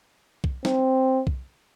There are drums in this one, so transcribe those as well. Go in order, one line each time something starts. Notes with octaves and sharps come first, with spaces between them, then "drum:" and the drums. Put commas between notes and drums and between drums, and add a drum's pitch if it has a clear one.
drum: kick B1
C4, drum: snare
drum: kick B1